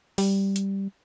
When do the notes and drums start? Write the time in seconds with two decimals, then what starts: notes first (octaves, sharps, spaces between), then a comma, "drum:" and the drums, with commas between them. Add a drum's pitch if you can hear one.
0.18 G3, drum: open hi-hat
0.56 drum: hi-hat